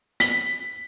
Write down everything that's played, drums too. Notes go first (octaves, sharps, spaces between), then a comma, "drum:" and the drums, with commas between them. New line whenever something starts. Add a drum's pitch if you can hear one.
B6, drum: hi-hat